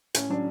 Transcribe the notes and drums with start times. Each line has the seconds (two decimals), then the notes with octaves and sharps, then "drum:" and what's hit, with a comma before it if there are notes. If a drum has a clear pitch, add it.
0.15 A2 C#4, drum: hi-hat
0.30 F#3 D4